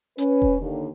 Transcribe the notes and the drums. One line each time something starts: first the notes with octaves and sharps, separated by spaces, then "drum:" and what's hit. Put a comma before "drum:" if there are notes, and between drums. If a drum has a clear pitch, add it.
C#4 B4, drum: hi-hat
drum: kick E1
D#2 D3